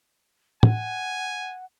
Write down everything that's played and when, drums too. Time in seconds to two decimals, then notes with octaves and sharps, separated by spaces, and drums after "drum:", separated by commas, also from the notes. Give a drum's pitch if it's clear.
0.63 F#5 G#5, drum: tom